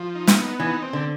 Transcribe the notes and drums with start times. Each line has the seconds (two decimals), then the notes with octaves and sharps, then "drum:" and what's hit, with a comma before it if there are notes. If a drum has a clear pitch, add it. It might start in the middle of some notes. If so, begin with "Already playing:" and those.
Already playing: F3
0.15 D#4
0.27 drum: snare
0.37 B3
0.60 E3 D#4
0.82 C4
0.93 D3